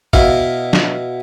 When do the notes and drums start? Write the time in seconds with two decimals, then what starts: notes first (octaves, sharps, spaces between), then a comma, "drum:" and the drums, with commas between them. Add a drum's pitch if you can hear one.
0.13 B2 E4 F5, drum: kick
0.73 drum: snare